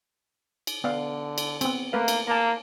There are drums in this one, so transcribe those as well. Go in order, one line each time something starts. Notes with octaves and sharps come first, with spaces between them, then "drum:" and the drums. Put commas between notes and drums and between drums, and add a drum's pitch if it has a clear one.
drum: cymbal
D3 B3 D5 F5
drum: cymbal
B3 C4, drum: cymbal
A3 A#3 B4 F5
drum: cymbal
A#3 A5 A#5